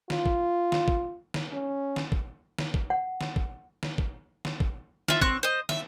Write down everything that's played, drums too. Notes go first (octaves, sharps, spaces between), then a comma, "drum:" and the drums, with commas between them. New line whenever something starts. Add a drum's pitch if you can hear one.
F4, drum: snare
drum: kick
drum: snare
drum: kick
drum: snare
C#4
drum: snare
drum: kick
drum: snare
drum: kick
F#5
drum: snare
drum: kick
drum: snare
drum: kick
drum: snare
drum: kick
F4 E5, drum: snare
C4 C#6 F#6, drum: kick
C5 D#5
E5, drum: snare